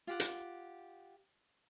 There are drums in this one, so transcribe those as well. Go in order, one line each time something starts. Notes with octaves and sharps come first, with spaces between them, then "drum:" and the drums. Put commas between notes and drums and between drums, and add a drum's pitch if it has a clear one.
F4 G4 F#5
drum: hi-hat